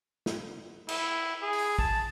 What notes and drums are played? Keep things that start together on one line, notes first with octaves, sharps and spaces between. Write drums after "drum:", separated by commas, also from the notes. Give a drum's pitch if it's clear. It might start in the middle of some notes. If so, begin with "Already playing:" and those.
drum: snare
E4, drum: cymbal
G#4
drum: open hi-hat
A5, drum: kick